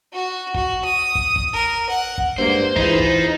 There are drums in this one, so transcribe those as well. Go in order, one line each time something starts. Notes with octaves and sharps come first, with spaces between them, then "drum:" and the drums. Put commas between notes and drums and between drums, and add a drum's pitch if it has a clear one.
F#4
F#4, drum: kick
D#6
drum: kick
drum: kick
A#4
F#5
drum: kick
G2 G#3 A#3 C5
E3 D#4 F4 G#4 B4, drum: kick
drum: kick